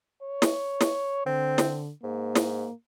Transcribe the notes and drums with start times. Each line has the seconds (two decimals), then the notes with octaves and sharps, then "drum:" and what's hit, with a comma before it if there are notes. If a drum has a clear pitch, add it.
0.23 C#5
0.42 drum: snare
0.81 drum: snare
1.26 D3 C4
1.58 drum: snare
2.03 G#2 A#3
2.35 drum: snare